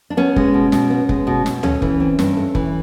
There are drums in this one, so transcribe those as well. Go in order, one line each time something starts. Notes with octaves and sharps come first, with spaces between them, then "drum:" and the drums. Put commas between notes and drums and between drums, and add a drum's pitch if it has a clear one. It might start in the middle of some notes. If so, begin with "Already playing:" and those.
D4
B3 C#4
G#3, drum: kick F1
B2
B2, drum: snare
B3
G#3, drum: kick F1
B2
B2, drum: snare
A3 C#4, drum: tom C#2
E3, drum: kick F1
C4
G2, drum: snare
A3
E3, drum: kick F1